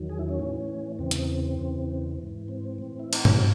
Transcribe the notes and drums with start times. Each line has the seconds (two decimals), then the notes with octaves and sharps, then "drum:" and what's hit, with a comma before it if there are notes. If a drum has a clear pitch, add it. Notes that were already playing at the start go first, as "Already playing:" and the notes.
Already playing: E2 D#3 F#3
0.09 G#4
0.19 E4
0.29 C#4
0.39 A2 E3
0.99 E2 C#3 E3 C4
1.11 drum: hi-hat
1.59 E2 C#3 E3
2.18 G#2 E3
2.48 C4
2.78 A2 E3
3.00 E4
3.13 D#4, drum: cymbal
3.25 C#4, drum: tom G#2
3.38 F#3 C4